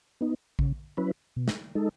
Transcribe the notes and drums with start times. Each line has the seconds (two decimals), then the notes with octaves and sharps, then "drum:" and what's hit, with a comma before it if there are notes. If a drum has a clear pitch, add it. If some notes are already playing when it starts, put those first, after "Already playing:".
0.21 B3 D#4
0.59 C#3, drum: kick A#1
0.97 F#3 C#4 E4 B4
1.36 B2
1.48 drum: snare
1.75 G#3 D#4 A4